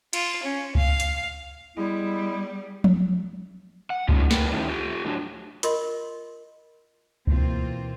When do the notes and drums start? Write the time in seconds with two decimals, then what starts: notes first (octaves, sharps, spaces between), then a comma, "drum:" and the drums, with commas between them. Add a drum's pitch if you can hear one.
0.13 F4, drum: cymbal
0.43 C#4
0.75 F5, drum: kick C#2
1.00 drum: hi-hat
1.76 G3 G#3 B3 E4
2.84 drum: tom F3
3.90 F#5
4.09 G3 G#3 C#4 D#4 F4, drum: kick C#2
4.31 G#4 A#4 B4 G5, drum: snare
4.52 D#3 F#3 A3 C#4 E4 G4
4.69 F4 G4
5.05 A2 F#3 D4
5.63 F4 A#4 D#5 C6, drum: hi-hat
7.27 B2 E3 A#3 C4 F4, drum: kick C#2